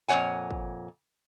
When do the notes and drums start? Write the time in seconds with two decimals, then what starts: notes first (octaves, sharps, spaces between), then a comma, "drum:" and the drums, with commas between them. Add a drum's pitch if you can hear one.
0.08 F2 A#2 G#3 C#5 F#5 G#5
0.51 drum: kick